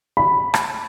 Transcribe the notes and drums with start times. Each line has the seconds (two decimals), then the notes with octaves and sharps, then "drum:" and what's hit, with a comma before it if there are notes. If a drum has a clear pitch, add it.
0.17 B5
0.54 drum: rim click